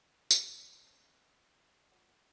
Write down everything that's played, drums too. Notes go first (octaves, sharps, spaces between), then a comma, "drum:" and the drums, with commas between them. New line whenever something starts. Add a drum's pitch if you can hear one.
A#4
drum: tambourine
A3 C4 C#4 C5
B4 D#5 F#5 G#5 C6
B3 F4 C#5 F#5 G5 B5